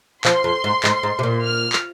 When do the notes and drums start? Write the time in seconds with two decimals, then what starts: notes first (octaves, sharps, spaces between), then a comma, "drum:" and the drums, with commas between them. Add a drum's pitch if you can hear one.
0.25 F3 C6, drum: clap
0.44 F2
0.64 G#2
0.84 G#2, drum: clap
1.03 G#2
1.19 C3
1.23 A#2
1.43 F6
1.73 drum: clap